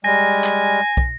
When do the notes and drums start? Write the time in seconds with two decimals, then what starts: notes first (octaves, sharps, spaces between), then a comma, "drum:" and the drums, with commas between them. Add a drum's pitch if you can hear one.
0.04 G3 G#3 G#5 A#6
0.44 drum: clap
0.97 drum: kick